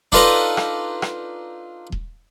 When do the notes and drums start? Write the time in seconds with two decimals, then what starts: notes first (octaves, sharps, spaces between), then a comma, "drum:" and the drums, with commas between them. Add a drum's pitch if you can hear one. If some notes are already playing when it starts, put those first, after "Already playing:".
0.12 D4 D#4 F4 A4 B4 D#5, drum: kick D#1
0.57 drum: rim click
1.02 drum: rim click
1.92 drum: kick D#1